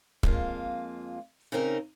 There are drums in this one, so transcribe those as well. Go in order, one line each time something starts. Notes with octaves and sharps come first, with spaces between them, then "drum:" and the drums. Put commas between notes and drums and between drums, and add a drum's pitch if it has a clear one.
F2 G#3 A#3 F4, drum: kick
C#3 C4 C#4 D#4 A#4